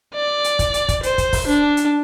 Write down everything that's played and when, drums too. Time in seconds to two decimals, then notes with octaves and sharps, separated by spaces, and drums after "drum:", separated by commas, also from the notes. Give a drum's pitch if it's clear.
0.15 D5
0.44 drum: hi-hat
0.59 drum: kick, hi-hat
0.74 drum: hi-hat
0.88 drum: kick, hi-hat
1.03 C5, drum: hi-hat
1.18 drum: kick, hi-hat
1.33 drum: kick, open hi-hat
1.48 D4
1.77 drum: hi-hat